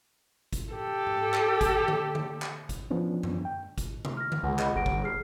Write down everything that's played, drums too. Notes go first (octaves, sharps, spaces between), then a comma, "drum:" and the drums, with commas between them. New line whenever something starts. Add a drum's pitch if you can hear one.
drum: kick G#1, hi-hat
G4 A4
drum: tom G#2
drum: clap
drum: kick G#1, hi-hat
drum: tom D3
drum: tom D3
drum: clap
drum: kick G#1, hi-hat
E3 F3 B3 C#4 D4
drum: tom F#2
G5
drum: kick G#1, hi-hat
drum: tom C3
F6 A#6
drum: tom D3
C#2 F#5 G#5
D#5 F#5 B5, drum: clap
G1 F#5 A#6 D7
drum: kick G#1
G#4 F6 C7